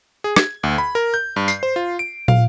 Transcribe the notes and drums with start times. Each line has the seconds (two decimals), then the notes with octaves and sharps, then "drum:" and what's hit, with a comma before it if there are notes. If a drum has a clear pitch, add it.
0.24 G#4
0.36 G#6, drum: rim click
0.63 D2
0.78 B5
0.95 A#4
1.14 G6
1.36 G2
1.48 C7, drum: tambourine
1.63 C5
1.76 F4
1.99 D7
2.28 F5, drum: tom